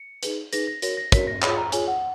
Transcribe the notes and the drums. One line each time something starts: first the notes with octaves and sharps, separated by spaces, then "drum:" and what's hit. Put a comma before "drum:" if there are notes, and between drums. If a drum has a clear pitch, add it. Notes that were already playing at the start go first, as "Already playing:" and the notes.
Already playing: C#7
D#4 G#4 B4, drum: hi-hat
D#4 G#4 B4 A#6, drum: hi-hat
A#6
F#4 A#4 C#5 A#6, drum: hi-hat
A#6
F#4 A#4 C#5 B6, drum: kick, hi-hat
A#6
F4 G#4 C#5 B5, drum: clap
A#5
F4 G#4 C#5 G#5, drum: hi-hat
F#5